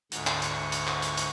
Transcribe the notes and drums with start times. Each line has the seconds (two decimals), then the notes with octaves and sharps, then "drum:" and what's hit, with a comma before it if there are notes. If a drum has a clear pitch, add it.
0.12 D2 G#2 C#6, drum: hi-hat
0.27 drum: clap
0.42 drum: hi-hat
0.72 drum: hi-hat
0.87 drum: clap
1.02 drum: hi-hat
1.17 drum: hi-hat